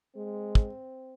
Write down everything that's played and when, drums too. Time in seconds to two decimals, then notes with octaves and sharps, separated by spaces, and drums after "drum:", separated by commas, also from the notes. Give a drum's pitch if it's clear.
0.16 G#3 C4
0.55 drum: kick